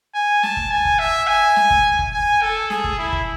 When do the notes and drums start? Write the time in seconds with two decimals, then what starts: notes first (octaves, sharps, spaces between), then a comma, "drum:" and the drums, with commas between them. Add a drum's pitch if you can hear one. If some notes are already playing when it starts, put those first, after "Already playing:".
0.14 G#5
0.43 A5, drum: snare
0.57 drum: kick F#1
0.71 G#5
0.85 drum: kick F#1
0.99 E5
1.27 G#5
1.56 drum: snare
1.70 drum: kick F#1
1.99 drum: kick F#1
2.13 G#5
2.42 A4
2.70 G#4, drum: snare
2.84 drum: kick F#1
2.98 E4
3.13 drum: kick F#1